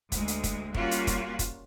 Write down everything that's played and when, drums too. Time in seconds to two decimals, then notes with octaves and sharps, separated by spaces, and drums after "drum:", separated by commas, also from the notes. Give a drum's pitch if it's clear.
0.12 D2 G#3, drum: kick, hi-hat
0.28 drum: hi-hat
0.44 drum: kick, hi-hat
0.75 G3 A#3 C#4 F4 F#4, drum: kick
0.91 drum: hi-hat
1.07 drum: kick, hi-hat
1.39 drum: kick, hi-hat